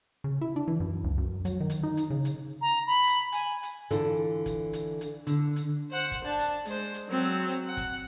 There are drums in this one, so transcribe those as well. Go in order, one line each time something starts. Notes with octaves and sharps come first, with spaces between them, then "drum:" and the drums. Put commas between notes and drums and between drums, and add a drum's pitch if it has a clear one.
C#3
E4
D4
E3
F#2
C#2
F#2
F#3, drum: hi-hat
D#3
drum: hi-hat
D#4
drum: hi-hat
C#3
drum: hi-hat
A#5
B5
drum: hi-hat
G#5, drum: hi-hat
drum: hi-hat
D3 E3 F4 A4, drum: hi-hat
drum: kick, hi-hat
drum: hi-hat
drum: hi-hat
D3, drum: hi-hat
drum: hi-hat
C5 F#5
drum: kick, hi-hat
D4 A5
drum: hi-hat
G#3 C5, drum: hi-hat
drum: hi-hat
F#3 C4
drum: hi-hat
drum: hi-hat
F#5
drum: kick, hi-hat